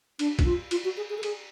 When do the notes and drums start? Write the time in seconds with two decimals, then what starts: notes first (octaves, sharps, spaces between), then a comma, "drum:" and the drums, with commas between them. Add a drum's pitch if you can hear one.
0.19 D4, drum: cymbal
0.39 D4, drum: kick, cymbal
0.45 F4
0.71 F4, drum: cymbal
0.85 F#4
0.97 G#4
1.10 G#4
1.18 A4
1.23 G#4, drum: cymbal